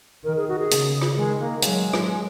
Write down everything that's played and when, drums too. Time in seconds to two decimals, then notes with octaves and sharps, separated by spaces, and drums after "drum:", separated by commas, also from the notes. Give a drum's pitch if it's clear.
0.25 D#3 A#4
0.37 G#4
0.48 F#4
0.59 G#4
0.71 C#3, drum: hi-hat
1.01 drum: rim click
1.16 D#3 G#3
1.40 A#3
1.62 F#3 G#3, drum: hi-hat
1.93 drum: rim click